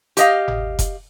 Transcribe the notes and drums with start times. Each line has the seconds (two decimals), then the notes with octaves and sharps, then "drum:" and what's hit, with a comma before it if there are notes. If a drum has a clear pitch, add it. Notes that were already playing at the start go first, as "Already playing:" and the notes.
0.17 G4 D#5 F5, drum: hi-hat
0.48 drum: tom G1
0.79 drum: kick F1, hi-hat